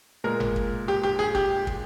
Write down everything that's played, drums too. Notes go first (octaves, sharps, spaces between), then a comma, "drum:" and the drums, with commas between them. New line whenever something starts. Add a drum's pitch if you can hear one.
A#2 G#3 A#4
drum: tom G1
drum: kick
G4
G4
G#4
G4, drum: kick
drum: kick